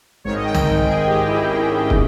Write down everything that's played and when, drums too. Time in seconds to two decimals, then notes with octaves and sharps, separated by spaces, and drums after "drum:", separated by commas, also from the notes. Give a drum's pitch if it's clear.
0.24 G#1 G#2 D#3 C#5
0.34 D#5
0.44 G5
0.54 G5, drum: tom C2
0.65 G#1 G#2 D#3
0.85 G#4
1.06 G#1 G#2 D#3 G4
1.27 E4
1.47 G#1 G#2 D#3 C#4
1.90 B2, drum: kick